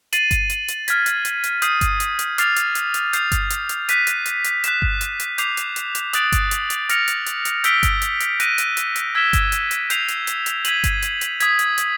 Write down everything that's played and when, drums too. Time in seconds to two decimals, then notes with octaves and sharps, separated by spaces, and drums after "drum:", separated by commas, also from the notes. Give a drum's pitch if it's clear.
0.13 A6 C7 D#7 F#7, drum: hi-hat
0.31 drum: kick G1, hi-hat
0.50 drum: hi-hat
0.68 drum: hi-hat
0.88 F6 G#6 B6, drum: hi-hat
1.06 drum: hi-hat
1.25 drum: hi-hat
1.44 drum: hi-hat
1.62 D#6 G6 C7 D#7, drum: hi-hat
1.81 drum: kick G1, hi-hat
2.00 drum: hi-hat
2.19 drum: hi-hat
2.38 D6 F6 A6 C7 F7, drum: hi-hat
2.56 drum: hi-hat
2.75 drum: hi-hat
2.94 drum: hi-hat
3.13 G6 C7 F7, drum: hi-hat
3.32 drum: kick G1, hi-hat
3.50 drum: hi-hat
3.69 drum: hi-hat
3.89 F#6 B6 D#7, drum: hi-hat
4.07 drum: hi-hat
4.26 drum: hi-hat
4.44 drum: hi-hat
4.64 F#6 B6 E7, drum: hi-hat
4.82 drum: kick G1
5.01 drum: hi-hat
5.20 drum: hi-hat
5.38 D6 G6 C7 F7, drum: hi-hat
5.57 drum: hi-hat
5.76 drum: hi-hat
5.95 drum: hi-hat
6.13 D#6 F#6 A6 D7 F#7, drum: hi-hat
6.32 drum: kick G1, hi-hat
6.51 drum: hi-hat
6.70 drum: hi-hat
6.89 F6 A#6 C#7 F7, drum: hi-hat
7.08 drum: hi-hat
7.26 drum: hi-hat
7.45 drum: hi-hat
7.64 E6 G6 B6 D7 G7, drum: hi-hat
7.83 drum: kick G1, hi-hat
8.02 drum: hi-hat
8.20 drum: hi-hat
8.40 F#6 A#6 D#7, drum: hi-hat
8.58 drum: hi-hat
8.77 drum: hi-hat
8.96 drum: hi-hat
9.15 E6 G#6 B6 E7 G7
9.33 drum: kick G1, hi-hat
9.52 drum: hi-hat
9.71 drum: hi-hat
9.90 G6 C7 F7, drum: hi-hat
10.08 drum: hi-hat
10.27 drum: hi-hat
10.46 drum: hi-hat
10.65 G#6 B6 D#7 F#7, drum: hi-hat
10.84 drum: kick G1, hi-hat
11.02 drum: hi-hat
11.21 drum: hi-hat
11.40 D#6 G#6 B6, drum: hi-hat
11.59 drum: hi-hat
11.78 drum: hi-hat